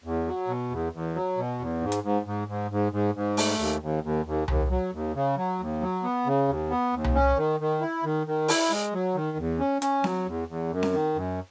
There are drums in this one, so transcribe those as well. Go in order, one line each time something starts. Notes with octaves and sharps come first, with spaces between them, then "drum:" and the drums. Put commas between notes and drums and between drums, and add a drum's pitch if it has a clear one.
E2
F#3
B2
E2
E2
F#3
B2
E2
G#2
drum: hi-hat
G#2
G#2
G#2
G#2
G#2
G#2
A3, drum: open hi-hat
D#2
D#2
D#2
D#2
D#2, drum: tom C2
F#3
D#2
C#3
F#3
D#2
F#3
B3
C#3
D#2
B3
D#2
drum: tom C2
C#4
D#3
D#3
E4
D#3
D#3
E4, drum: open hi-hat
G#3
F#3
D#3
E2
C#4
C#4, drum: hi-hat
F#3, drum: snare C4
E2
E2
F#2
drum: snare C4
D#3
F#2